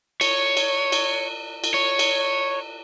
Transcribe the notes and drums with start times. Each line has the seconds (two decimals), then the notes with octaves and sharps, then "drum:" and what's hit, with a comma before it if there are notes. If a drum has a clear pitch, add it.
0.21 C#5, drum: cymbal
0.57 drum: cymbal
0.92 drum: cymbal
1.64 drum: cymbal
1.74 C#5
1.99 drum: cymbal